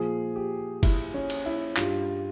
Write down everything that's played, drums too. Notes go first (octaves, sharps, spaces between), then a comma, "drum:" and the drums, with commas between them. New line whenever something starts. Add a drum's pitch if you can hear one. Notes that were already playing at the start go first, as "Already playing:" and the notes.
Already playing: A#2 F3 G#4
G4
E4, drum: kick F#1, cymbal
C#4
drum: cymbal
E4
G2 G3 F4, drum: clap